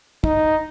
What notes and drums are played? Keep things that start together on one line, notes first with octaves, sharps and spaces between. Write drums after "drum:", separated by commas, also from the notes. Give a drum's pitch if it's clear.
D#4, drum: kick